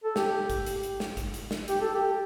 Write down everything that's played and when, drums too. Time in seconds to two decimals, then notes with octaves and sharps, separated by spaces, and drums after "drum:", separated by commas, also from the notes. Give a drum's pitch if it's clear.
0.04 A4
0.16 G4, drum: snare
0.50 drum: kick, hi-hat
0.66 drum: hi-hat
0.83 drum: hi-hat
1.00 drum: snare
1.17 drum: kick, hi-hat
1.34 drum: hi-hat
1.51 drum: snare
1.68 G4, drum: hi-hat
1.81 A4
1.95 G4